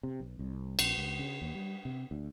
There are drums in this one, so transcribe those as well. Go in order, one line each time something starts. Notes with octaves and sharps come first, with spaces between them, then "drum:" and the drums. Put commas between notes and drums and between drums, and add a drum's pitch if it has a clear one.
C3
B1
C2
A#1, drum: cymbal
C#2
C#3
D#2
G3
C3
D2